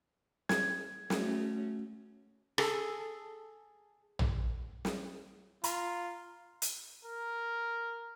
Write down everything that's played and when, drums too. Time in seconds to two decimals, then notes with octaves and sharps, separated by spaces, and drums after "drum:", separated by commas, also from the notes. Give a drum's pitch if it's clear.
0.49 G#6, drum: snare
1.10 A3 C#4 F#4, drum: snare
2.58 G#4 A4, drum: rim click
4.19 drum: tom
4.85 drum: snare
5.64 F4 A#5, drum: hi-hat
6.62 drum: hi-hat
7.05 A#4